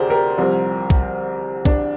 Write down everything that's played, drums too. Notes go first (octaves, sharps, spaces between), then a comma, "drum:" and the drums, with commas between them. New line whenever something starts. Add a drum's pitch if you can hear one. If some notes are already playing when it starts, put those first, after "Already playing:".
Already playing: D2 C3 G4 G#4 A#4 C5 D5
G4 A#4
C2 C3 F3 C4
drum: kick
D4, drum: kick